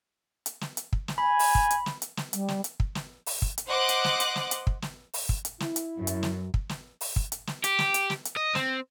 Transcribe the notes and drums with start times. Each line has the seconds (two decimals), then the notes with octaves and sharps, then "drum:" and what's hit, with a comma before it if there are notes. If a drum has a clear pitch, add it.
0.46 drum: hi-hat
0.61 drum: snare
0.77 drum: hi-hat
0.93 drum: kick
1.08 drum: snare
1.18 G#5 B5
1.39 drum: open hi-hat
1.55 drum: kick
1.71 drum: hi-hat
1.86 drum: snare
2.02 drum: hi-hat
2.17 drum: snare
2.33 G3, drum: hi-hat
2.48 drum: snare
2.64 drum: hi-hat
2.80 drum: kick
2.95 drum: snare
3.26 drum: open hi-hat
3.42 drum: kick
3.58 drum: hi-hat
3.69 C5 D#5 F#5 C6 D6 F#6
3.89 drum: hi-hat
4.04 drum: snare
4.20 drum: hi-hat
4.36 drum: snare
4.51 drum: hi-hat
4.67 drum: kick
4.82 drum: snare
5.14 drum: open hi-hat
5.29 drum: kick
5.45 drum: hi-hat
5.60 E4, drum: snare
5.76 drum: hi-hat
5.97 F#2
6.07 drum: hi-hat
6.23 drum: snare
6.54 drum: kick
6.69 drum: snare
7.01 drum: open hi-hat
7.16 drum: kick
7.32 drum: hi-hat
7.47 drum: snare
7.64 G4, drum: hi-hat
7.79 drum: snare
7.94 drum: hi-hat
8.10 drum: snare
8.25 drum: hi-hat
8.37 D#5
8.55 C4, drum: snare